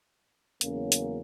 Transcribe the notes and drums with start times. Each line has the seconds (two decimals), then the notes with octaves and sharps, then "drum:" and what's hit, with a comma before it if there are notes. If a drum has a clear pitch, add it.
0.61 E2 C#3 F#3 A#3 C#4, drum: hi-hat
0.92 drum: hi-hat